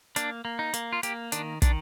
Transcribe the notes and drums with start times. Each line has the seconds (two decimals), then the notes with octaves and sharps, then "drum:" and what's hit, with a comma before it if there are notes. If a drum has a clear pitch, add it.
0.16 A#3 D4, drum: hi-hat
0.45 A#3
0.59 D#4
0.74 A#3, drum: hi-hat
0.93 F4
1.03 A#3 G4, drum: hi-hat
1.32 D#3 D4, drum: hi-hat
1.62 D#3 D4, drum: kick, hi-hat